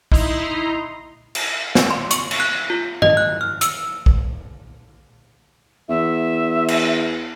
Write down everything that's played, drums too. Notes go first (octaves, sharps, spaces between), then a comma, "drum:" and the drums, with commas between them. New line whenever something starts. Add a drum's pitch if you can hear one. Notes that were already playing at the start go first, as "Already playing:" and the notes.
D#4 E4 A#5 C6, drum: kick
drum: cymbal
drum: snare A#3
C6
C#6, drum: hi-hat
drum: cymbal
F#6
F4
D#5, drum: tom G2
F#6
F6
E6, drum: hi-hat
drum: kick
E2 E5
drum: cymbal